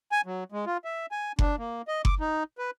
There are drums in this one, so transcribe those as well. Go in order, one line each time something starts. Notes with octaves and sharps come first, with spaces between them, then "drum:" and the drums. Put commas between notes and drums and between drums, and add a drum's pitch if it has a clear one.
G#5
F#3
G#3
F4
E5
G#5
D4, drum: kick F#1
A#3
D#5
D6, drum: kick F#1
D#4
B4